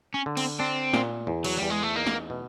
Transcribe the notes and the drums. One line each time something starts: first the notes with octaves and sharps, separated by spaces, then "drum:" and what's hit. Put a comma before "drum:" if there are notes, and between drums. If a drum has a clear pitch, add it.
C#4
D3
C4, drum: cymbal
C4 D4
A#2, drum: snare
E2
F#3, drum: cymbal
E2 G3
G#3
A3
A#3 D#4
drum: snare
B2